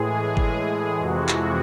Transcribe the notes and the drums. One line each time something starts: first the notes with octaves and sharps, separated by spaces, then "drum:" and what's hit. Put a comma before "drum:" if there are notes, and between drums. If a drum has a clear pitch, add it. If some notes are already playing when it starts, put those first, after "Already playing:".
Already playing: A2 E3 G#3 G#4
drum: kick
F2 C3 E3 G#3 F#4
drum: clap